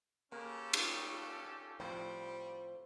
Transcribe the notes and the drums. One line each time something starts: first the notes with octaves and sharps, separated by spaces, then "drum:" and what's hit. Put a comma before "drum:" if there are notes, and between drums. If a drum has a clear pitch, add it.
C#3 A#3 C#4 G4 A4
drum: cymbal
A2 F3 G3 C4 C5